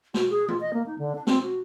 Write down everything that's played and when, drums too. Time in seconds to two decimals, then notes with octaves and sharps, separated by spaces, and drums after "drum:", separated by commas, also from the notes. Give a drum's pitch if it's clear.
0.14 F#4, drum: snare
0.30 G#4
0.48 F4, drum: tom E3
0.60 D#5
0.73 A#3
0.86 D#4
0.99 D3
1.15 D4
1.27 C4, drum: snare
1.42 F#4